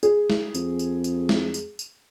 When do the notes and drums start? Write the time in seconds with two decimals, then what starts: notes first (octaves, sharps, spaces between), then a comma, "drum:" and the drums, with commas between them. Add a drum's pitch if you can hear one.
0.03 G#4, drum: tambourine
0.30 drum: snare
0.54 F2, drum: tambourine
0.79 drum: tambourine
1.04 drum: tambourine
1.29 drum: snare
1.54 drum: tambourine
1.79 drum: tambourine